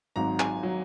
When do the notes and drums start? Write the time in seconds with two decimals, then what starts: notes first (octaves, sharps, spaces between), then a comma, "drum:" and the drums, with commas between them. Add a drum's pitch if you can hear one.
0.16 G#1 G#2 F#3 A#5
0.40 G#5, drum: clap
0.63 F#3